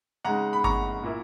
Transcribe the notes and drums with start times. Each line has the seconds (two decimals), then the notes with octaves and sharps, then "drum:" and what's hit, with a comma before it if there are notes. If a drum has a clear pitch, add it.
0.25 C#3 G#3 D#4 F#5 A#5
0.53 B5
0.64 A#5 C#6, drum: kick G1
1.03 A#2 A#3 E4